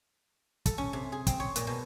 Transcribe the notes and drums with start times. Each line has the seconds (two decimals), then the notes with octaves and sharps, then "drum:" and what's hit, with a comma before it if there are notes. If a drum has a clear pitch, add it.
0.66 A4, drum: kick, hi-hat
0.78 C#4
0.93 C3
1.12 G#4
1.27 C4, drum: kick, hi-hat
1.40 C#5
1.56 A#2, drum: hi-hat
1.67 B2